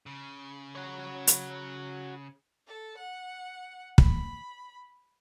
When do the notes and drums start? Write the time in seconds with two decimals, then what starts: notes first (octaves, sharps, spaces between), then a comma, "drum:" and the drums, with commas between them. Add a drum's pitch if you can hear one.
0.06 C#3
0.75 F#4 C#5
1.27 drum: hi-hat
2.66 A4
2.98 F#5
3.98 B5, drum: kick